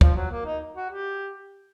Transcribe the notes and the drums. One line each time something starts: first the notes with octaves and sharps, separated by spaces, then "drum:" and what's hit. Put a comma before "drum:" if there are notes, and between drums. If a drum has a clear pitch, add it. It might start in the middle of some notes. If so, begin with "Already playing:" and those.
F3, drum: kick
F#3
A#3
D#4
F#4
G4